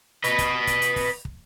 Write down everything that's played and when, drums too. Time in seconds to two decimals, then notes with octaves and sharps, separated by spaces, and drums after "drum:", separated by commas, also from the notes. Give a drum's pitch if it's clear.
0.24 B4 D#5, drum: hi-hat
0.38 drum: kick, hi-hat
0.67 drum: kick, hi-hat
0.82 drum: hi-hat
0.96 drum: kick, open hi-hat
1.25 drum: kick